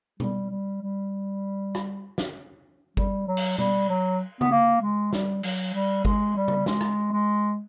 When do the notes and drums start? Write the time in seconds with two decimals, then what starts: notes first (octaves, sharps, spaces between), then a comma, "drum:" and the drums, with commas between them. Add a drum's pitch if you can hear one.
0.20 G3, drum: tom
0.51 G3
0.82 G3
1.75 drum: rim click
2.18 drum: snare
2.97 G3, drum: kick G1
3.27 F#3
3.37 drum: cymbal
3.58 G3, drum: tom
3.89 F#3
4.41 B3, drum: tom C#3
4.51 A#3
4.82 G#3
5.13 G3, drum: snare
5.43 F#3, drum: cymbal
5.74 G3
6.05 G#3, drum: kick G1
6.36 G3
6.48 drum: tom C#3
6.66 G#3, drum: snare
6.81 drum: rim click
7.12 G#3